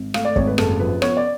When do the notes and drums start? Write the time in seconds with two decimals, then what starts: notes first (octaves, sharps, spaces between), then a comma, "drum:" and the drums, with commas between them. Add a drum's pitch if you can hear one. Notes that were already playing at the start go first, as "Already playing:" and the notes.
Already playing: G#1
0.14 A3 F5, drum: rim click
0.25 D5
0.36 G#1 C#5, drum: kick
0.47 B4
0.58 F#1 A4, drum: rim click
0.80 F3 B4
1.02 B3 C#5, drum: rim click
1.17 D5